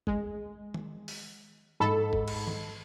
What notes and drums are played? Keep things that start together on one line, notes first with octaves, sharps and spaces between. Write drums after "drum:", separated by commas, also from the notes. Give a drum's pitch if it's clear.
G#3, drum: kick
drum: tom D#3
drum: open hi-hat
G#2 A4 B5
drum: kick
drum: cymbal
drum: tom D#3